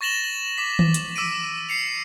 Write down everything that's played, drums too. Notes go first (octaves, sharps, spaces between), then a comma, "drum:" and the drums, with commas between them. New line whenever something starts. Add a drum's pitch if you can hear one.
C#6 A6 A#6 E7 F#7 G7
F#7
D6 B6
drum: tom D#3
drum: hi-hat
D6 E6 B6 D7 D#7
C7 C#7 F7